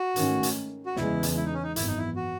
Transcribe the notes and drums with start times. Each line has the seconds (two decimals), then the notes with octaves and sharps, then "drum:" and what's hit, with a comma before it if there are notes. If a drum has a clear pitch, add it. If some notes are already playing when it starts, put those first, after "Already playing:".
Already playing: F#4
0.16 G#2 D#3 A3 C#4, drum: hi-hat
0.43 drum: hi-hat
0.86 F#4
0.96 E2 C#3 E3 G#3 E4, drum: snare
1.23 drum: hi-hat
1.36 E4
1.45 D#4
1.54 C#4
1.63 D#4
1.76 G#1 F#2 E3 B3 E4, drum: hi-hat
1.87 D#4
1.97 E4
2.16 F#4